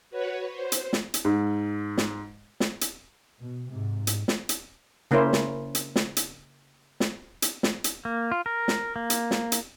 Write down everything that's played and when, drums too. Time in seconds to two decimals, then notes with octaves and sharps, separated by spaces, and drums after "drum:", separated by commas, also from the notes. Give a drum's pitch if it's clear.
0.10 F#4 B4 C#5
0.50 C5
0.72 drum: hi-hat
0.93 drum: snare
1.14 drum: hi-hat
1.25 G#2
1.98 drum: snare
2.60 drum: snare
2.81 drum: hi-hat
3.40 B2
3.71 G#2 C3
4.07 drum: hi-hat
4.28 drum: snare
4.49 drum: hi-hat
5.11 C#3 A#3 C#4 E4 A#4 C5
5.33 drum: snare
5.75 drum: hi-hat
5.96 drum: snare
6.17 drum: hi-hat
7.00 drum: snare
7.42 drum: hi-hat
7.63 drum: snare
7.84 drum: hi-hat
8.05 A#3
8.32 F4
8.46 A#4
8.68 drum: snare
8.96 A#3
9.10 drum: hi-hat
9.31 drum: snare
9.52 drum: hi-hat